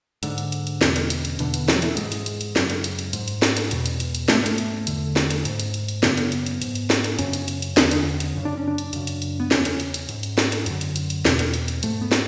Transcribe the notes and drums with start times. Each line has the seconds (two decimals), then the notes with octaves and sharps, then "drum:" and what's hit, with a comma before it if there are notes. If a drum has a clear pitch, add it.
0.23 G#2 D3, drum: hi-hat
0.38 drum: hi-hat
0.52 drum: hi-hat
0.67 drum: hi-hat
0.81 E2 B2, drum: snare
0.96 drum: hi-hat
1.10 drum: hi-hat
1.25 drum: hi-hat
1.39 E2 B2 D3, drum: hi-hat
1.54 drum: hi-hat
1.69 E3, drum: snare
1.76 F#3
1.82 E3, drum: hi-hat
1.97 G#2 G#3, drum: hi-hat
2.12 drum: hi-hat
2.26 drum: hi-hat
2.41 drum: hi-hat
2.56 F#2 C#3, drum: snare
2.70 drum: hi-hat
2.84 drum: hi-hat
2.99 drum: hi-hat
3.13 G#2, drum: hi-hat
3.28 drum: hi-hat
3.42 drum: snare
3.57 drum: hi-hat
3.71 E2 B2, drum: hi-hat
3.86 drum: hi-hat
4.00 drum: hi-hat
4.15 drum: hi-hat
4.28 G#2 A3, drum: snare
4.38 B3
4.46 A3, drum: hi-hat
4.58 drum: hi-hat
4.87 E2 D3, drum: hi-hat
5.16 drum: snare
5.31 drum: hi-hat
5.45 G#2, drum: hi-hat
5.60 drum: hi-hat
5.74 drum: hi-hat
5.88 drum: hi-hat
6.03 F#2 C#3 B3, drum: snare
6.17 drum: hi-hat
6.32 drum: hi-hat
6.46 drum: hi-hat
6.62 G#2, drum: hi-hat
6.75 drum: hi-hat
6.90 drum: snare
7.04 drum: hi-hat
7.19 F#2 C#3 C#4, drum: hi-hat
7.33 drum: hi-hat
7.48 drum: hi-hat
7.62 drum: hi-hat
7.77 E2 D3, drum: snare
7.91 drum: hi-hat
8.20 drum: hi-hat
8.35 F#2 C#3
8.45 D4
8.57 C#4
8.68 D4
8.78 drum: hi-hat
8.93 F#2 C#3, drum: hi-hat
9.07 drum: hi-hat
9.22 drum: hi-hat
9.40 B3
9.51 E2 C#3 C#4, drum: snare
9.65 drum: hi-hat
9.80 drum: hi-hat
9.94 drum: hi-hat
10.09 G#2, drum: hi-hat
10.23 drum: hi-hat
10.38 drum: snare
10.52 drum: hi-hat
10.66 F#2 D3, drum: hi-hat
10.81 drum: hi-hat
10.96 drum: hi-hat
11.10 drum: hi-hat
11.25 E2 B2, drum: snare
11.39 drum: hi-hat
11.54 drum: hi-hat
11.68 drum: hi-hat
11.83 G#2 A3, drum: hi-hat
12.01 B3
12.12 drum: snare